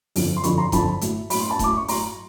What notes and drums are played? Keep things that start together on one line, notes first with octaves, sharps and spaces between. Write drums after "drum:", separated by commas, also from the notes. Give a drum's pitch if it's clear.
F2 D3 F3, drum: open hi-hat
C6
F2 D3 F3 B5 C#6, drum: hi-hat
A#5 C6
F2 D3 F3 A5 B5, drum: kick E1, hi-hat
A2 F#3, drum: hi-hat
A2 F#3 B5, drum: open hi-hat
C6
A5 B5
A2 F#3 D6, drum: kick E1, hi-hat
C#6
A2 F#3 A#5 C6, drum: open hi-hat